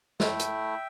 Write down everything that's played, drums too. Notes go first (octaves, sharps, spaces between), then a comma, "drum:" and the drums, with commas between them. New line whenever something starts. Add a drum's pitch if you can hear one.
A3 E4 E5 G5, drum: snare
drum: hi-hat